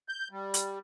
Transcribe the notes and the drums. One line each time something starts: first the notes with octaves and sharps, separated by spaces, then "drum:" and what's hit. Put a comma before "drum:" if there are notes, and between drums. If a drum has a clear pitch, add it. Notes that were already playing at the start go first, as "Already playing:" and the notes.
G6
G3
drum: hi-hat